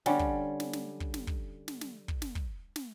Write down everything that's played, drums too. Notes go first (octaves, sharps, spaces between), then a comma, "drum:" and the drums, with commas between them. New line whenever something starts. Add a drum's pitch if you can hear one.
D3 G3 C#4, drum: snare
drum: kick
drum: snare
drum: snare
drum: kick
drum: snare
drum: kick
drum: snare
drum: snare
drum: kick
drum: snare
drum: kick
drum: snare